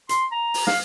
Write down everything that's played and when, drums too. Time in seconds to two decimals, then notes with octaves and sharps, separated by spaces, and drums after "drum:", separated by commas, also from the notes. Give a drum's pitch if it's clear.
0.09 C6, drum: hi-hat
0.32 A#5
0.54 drum: open hi-hat
0.67 F5, drum: snare